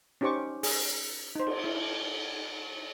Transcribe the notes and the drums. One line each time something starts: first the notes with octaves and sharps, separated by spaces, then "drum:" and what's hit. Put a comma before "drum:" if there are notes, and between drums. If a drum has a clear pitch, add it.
C#4 D#4 G4 C5 C#6 D6
G#4, drum: open hi-hat
D#4 C5
drum: cymbal
E4